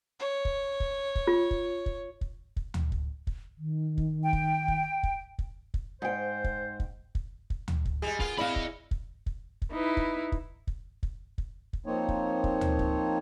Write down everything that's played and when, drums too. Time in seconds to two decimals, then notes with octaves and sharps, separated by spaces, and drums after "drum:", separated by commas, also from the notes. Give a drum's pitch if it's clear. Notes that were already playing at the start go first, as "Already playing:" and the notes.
0.20 C#5
0.45 drum: kick
0.80 drum: kick
1.15 drum: kick
1.27 F4
1.51 drum: kick
1.86 drum: kick
2.21 drum: kick
2.56 drum: kick
2.74 drum: tom D2
2.92 drum: kick
3.27 drum: kick
3.58 D#3
3.98 drum: kick
4.23 G5
4.33 drum: kick
4.68 drum: kick
5.03 drum: kick
5.39 drum: kick
5.74 drum: kick
6.02 G#2 C5 G5
6.44 drum: kick
6.80 drum: kick
7.15 drum: kick
7.50 drum: kick
7.68 drum: tom D2
7.85 drum: kick
8.02 G3 G#3 G#4
8.20 A#3 B3 F4, drum: kick
8.38 E4 D5 D#5 F5 B5
8.56 drum: kick
8.91 drum: kick
9.26 drum: kick
9.62 drum: kick
9.72 D#4 E4 B4
9.97 drum: kick
10.32 drum: kick
10.67 drum: kick
11.03 drum: kick
11.38 drum: kick
11.73 drum: kick
11.86 F3 A#3 C4 D#4 C#5
12.08 drum: kick
12.44 drum: kick
12.61 drum: tom D2
12.79 drum: kick